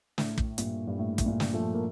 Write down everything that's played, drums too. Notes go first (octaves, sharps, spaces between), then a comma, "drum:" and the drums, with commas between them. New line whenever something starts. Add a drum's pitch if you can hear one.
A2, drum: snare
drum: kick
G2 A#2, drum: hi-hat
G2
A2
A2, drum: kick, hi-hat
G2 A#2
drum: snare
F3 A3
A#3